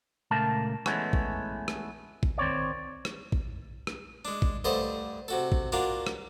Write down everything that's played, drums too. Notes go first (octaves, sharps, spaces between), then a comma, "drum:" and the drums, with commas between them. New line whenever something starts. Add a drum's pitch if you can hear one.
C#2 A#2 A3 A#3 A#4 A5
E3 G#3 A3 B3 C#4, drum: rim click
drum: kick A1
drum: rim click
drum: kick A1
D#3 C4 C#5 D5
drum: rim click
drum: kick A1
drum: rim click
G#3 D4
drum: kick A1
G2 D3 A3 C5 D#5
C3 F#4 A4
drum: kick A1
A#3 D4 F4 F#4
drum: rim click